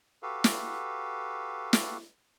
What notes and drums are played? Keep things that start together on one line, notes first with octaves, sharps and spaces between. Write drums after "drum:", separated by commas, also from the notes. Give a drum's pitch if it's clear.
F#4 G4 A4 B4 F5
drum: snare
drum: snare